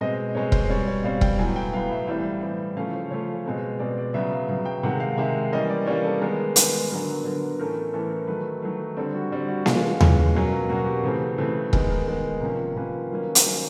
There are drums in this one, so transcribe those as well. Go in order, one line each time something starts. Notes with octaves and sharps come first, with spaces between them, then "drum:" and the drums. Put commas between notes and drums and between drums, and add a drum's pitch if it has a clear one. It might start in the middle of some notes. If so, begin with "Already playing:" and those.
B2 G#3 C4 D#5
B2 G#3 C4 C#5
C5, drum: kick E1
B2 G3 C4 C#5
C#5
B2 G3 C4 F5
G5, drum: kick E1
A2 F#3 B3 G#5
G5
A2 F#3 B3 F5
E5
A2 E3 G3 C4 E5
A2 E3 G3 C4
C#3 F3 A3 C#4 F5
C5
C#3 F3 A3 C#4 C#5
B2 G#3 C4
B2 G#3 C4 D5
D5
C#3 F#3 B3 E5
F5
C#3 F#3 B3
G5
C3 D#3 G#3 F#5
F5
C3 D#3 G#3 E5
E3 G3 A#3 C#4 D#5
D5
E3 G3 A#3 C#4 C#5
A4
D#3 G#3 B3 A#4
D#3 G#3 B3, drum: hi-hat
D3 F#3 B3 A#4
D3 F#3 B3
A2 E3 A3 C#4 A#4
A2 E3 A3 C#4 A4
A#4
D#3 F#3 A3 B4
D#3 F#3 A3
D3 G3 C4 A4
F#4
D3 G3 C4
F#4
E3 G#3 C#4 F4, drum: snare A#3
E3 G#3 C#4, drum: tom D#2
B2 F#3 A#3 C#4
B2 F#3 A#3 C#4 F#4
G4
C#3 E3 A3 C4
C#3 E3 A3 C4
D#3 G#3 B3 G#4, drum: kick E1
A#4
D#3 G#3 B3
C3 F3 A#3 C#4
C3 F3 A#3 C#4 B4
D#3 F#3 A#3 C#4
drum: hi-hat
D#3 F#3 A#3 C#4 C5